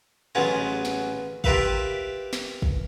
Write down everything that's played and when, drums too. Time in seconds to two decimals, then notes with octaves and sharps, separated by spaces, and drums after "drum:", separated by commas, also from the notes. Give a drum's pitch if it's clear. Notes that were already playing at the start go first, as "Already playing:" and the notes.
0.35 A1 F#3 G#3 B3 F4 G#5
0.85 drum: snare
1.44 F4 G4 A#4 B4 E5 F5, drum: kick
2.33 drum: snare
2.62 drum: kick